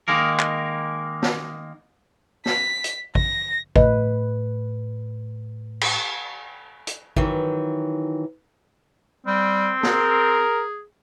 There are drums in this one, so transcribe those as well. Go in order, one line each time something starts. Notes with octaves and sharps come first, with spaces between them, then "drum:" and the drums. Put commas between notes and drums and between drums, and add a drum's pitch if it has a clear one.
D#3 G#3 A#3 A#4
drum: clap
drum: snare
B6, drum: snare
drum: hi-hat
A#6, drum: kick
A2 B4 D#5, drum: kick
drum: cymbal
drum: hi-hat
D#3 E3 F#3, drum: kick
G3 C4
G#4 A#4, drum: snare